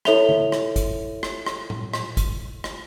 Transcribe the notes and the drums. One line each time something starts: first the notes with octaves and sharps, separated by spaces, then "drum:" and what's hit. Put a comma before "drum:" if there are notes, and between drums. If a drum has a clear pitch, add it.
E4 A4 C#5 E5 F7 G7, drum: rim click
drum: tom D3
drum: rim click
drum: kick, hi-hat
drum: rim click
drum: rim click
drum: tom A#2
drum: rim click
drum: kick, hi-hat
drum: rim click